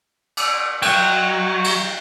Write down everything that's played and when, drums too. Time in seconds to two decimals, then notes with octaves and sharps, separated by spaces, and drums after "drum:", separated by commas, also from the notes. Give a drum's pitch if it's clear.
0.37 drum: cymbal
0.82 F#3 D#5 G5, drum: cymbal
1.64 drum: cymbal